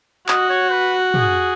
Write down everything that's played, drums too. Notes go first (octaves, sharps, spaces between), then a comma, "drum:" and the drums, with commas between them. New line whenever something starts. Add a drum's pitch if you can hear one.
F#4 D#5, drum: clap
C#5
B4
G#4, drum: tom